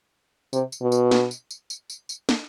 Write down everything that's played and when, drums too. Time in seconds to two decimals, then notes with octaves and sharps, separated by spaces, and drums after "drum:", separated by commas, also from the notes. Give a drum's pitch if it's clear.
0.53 C3, drum: tambourine
0.72 drum: tambourine
0.82 B2
0.92 drum: tambourine
1.11 drum: snare
1.31 drum: tambourine
1.51 drum: tambourine
1.70 drum: tambourine
1.90 drum: tambourine
2.09 drum: tambourine
2.29 drum: snare